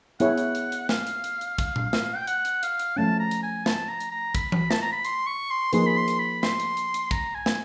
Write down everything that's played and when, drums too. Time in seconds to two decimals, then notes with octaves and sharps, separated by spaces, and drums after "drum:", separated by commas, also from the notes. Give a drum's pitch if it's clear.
0.20 B3 E4 G#4 C#5 F#5, drum: hi-hat
0.38 drum: hi-hat
0.55 drum: hi-hat
0.72 drum: hi-hat
0.89 F5, drum: snare
1.07 drum: hi-hat
1.24 drum: hi-hat
1.41 drum: hi-hat
1.58 drum: kick, hi-hat
1.76 drum: tom A#2
1.93 drum: snare
2.16 G5
2.27 F#5, drum: hi-hat
2.45 drum: hi-hat
2.63 F5, drum: hi-hat
2.79 drum: hi-hat
2.97 F3 A3 C#4 A5
3.20 A#5
3.31 drum: hi-hat
3.43 G#5
3.66 A5, drum: snare
3.88 A#5
4.00 drum: hi-hat
4.12 A#5
4.35 B5, drum: kick, hi-hat
4.52 drum: tom E3
4.71 A5, drum: snare
4.82 A#5
4.93 B5
5.05 C6, drum: hi-hat
5.27 C#6
5.51 C6
5.73 F3 A#3 D#4 G#4 B4 C6, drum: hi-hat
5.86 B5
5.97 C6
6.08 drum: hi-hat
6.19 B5
6.43 C6, drum: snare
6.60 drum: hi-hat
6.77 drum: hi-hat
6.94 drum: hi-hat
7.11 A#5, drum: kick, hi-hat
7.35 G#5
7.46 drum: snare